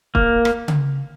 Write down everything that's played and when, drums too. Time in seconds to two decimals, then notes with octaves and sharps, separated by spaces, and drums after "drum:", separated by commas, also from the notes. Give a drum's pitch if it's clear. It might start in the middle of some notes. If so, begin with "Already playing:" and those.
0.15 A#3, drum: kick
0.45 drum: rim click
0.68 drum: tom C#3